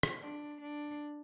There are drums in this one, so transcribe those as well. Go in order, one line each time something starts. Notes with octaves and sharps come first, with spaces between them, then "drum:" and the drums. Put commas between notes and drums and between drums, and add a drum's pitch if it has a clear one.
drum: rim click
D4
D4